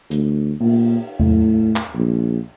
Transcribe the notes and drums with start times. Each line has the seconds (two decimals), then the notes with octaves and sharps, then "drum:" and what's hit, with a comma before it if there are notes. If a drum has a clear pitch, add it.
0.11 D2, drum: hi-hat
0.60 A#2, drum: cymbal
1.19 A2, drum: tom
1.76 drum: clap
1.94 A#1